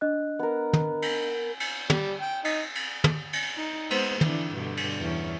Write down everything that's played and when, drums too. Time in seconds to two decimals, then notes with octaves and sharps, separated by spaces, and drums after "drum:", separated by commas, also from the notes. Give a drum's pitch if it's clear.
0.01 D4 D#5 F#6
0.39 B3 A#4
0.73 drum: tom
1.02 drum: cymbal
1.60 drum: cymbal
1.90 G3, drum: tom
2.21 G5
2.45 D#4, drum: cymbal
2.75 drum: cymbal
3.04 drum: tom
3.33 drum: cymbal
3.57 D#4
3.91 G#3 B3 C5, drum: cymbal
4.21 D3 E3 D4, drum: tom
4.54 G2 B2 D3
4.77 drum: cymbal
5.00 E2 C#4